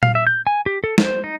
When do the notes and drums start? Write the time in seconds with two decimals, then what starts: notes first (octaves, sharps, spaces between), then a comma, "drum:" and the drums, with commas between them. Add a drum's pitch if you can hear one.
0.03 F5, drum: tom A#2
0.15 E5
0.27 G6
0.47 G#5
0.66 G4
0.84 A4
0.98 C5, drum: snare
1.24 D#4